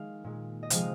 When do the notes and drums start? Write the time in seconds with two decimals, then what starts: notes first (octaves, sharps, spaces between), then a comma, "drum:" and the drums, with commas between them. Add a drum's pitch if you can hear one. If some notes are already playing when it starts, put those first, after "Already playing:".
Already playing: D#3 G#3 F5
0.24 A#2 G#3
0.63 D#5
0.70 C3 F3 G#3 F5, drum: hi-hat